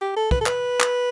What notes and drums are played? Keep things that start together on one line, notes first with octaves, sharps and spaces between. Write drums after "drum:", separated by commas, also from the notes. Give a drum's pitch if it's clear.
G4
A4
B4, drum: kick
A4
B4, drum: clap
drum: clap